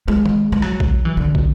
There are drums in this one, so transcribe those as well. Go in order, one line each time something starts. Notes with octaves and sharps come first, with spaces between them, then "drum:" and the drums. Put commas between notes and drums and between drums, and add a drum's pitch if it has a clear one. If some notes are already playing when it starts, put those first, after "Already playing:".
G#3
drum: tom D#3
G#3
F#3, drum: rim click
drum: kick
E3
D3
drum: kick